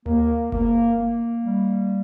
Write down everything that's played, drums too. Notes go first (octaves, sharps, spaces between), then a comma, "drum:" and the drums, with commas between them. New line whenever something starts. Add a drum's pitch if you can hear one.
A#3, drum: tom D2
A#3, drum: kick F#1
A#3
G3